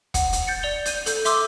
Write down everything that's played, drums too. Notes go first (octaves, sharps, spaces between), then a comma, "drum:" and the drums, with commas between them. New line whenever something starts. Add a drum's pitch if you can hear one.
F#5, drum: kick, hi-hat
drum: hi-hat
G6 A6 C#7
D5 A6 F7 G7
G6 D#7, drum: hi-hat
A4 G6, drum: hi-hat
E5 C6 D6 E6, drum: hi-hat